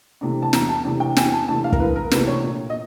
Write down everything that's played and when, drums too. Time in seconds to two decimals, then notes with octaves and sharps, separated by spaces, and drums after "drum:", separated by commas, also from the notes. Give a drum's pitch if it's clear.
0.21 C3 E3 A3 D4
0.42 A5
0.53 E2 A#5, drum: snare
0.69 A5
0.84 C3 E3 A3 D4
1.00 G5
1.17 E2 G#5, drum: snare
1.32 A5
1.48 C3 E3 A3 D4 A5
1.64 F5
1.72 A#4, drum: kick
1.80 E2 B4
1.96 A#4
2.11 C3 E3 A3 D4 B4, drum: snare
2.27 C#5
2.44 A#2
2.70 D#5